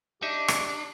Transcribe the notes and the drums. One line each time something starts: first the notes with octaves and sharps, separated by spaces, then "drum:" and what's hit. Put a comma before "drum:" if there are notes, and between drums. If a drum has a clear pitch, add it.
D4 D#4 G4 E5
drum: rim click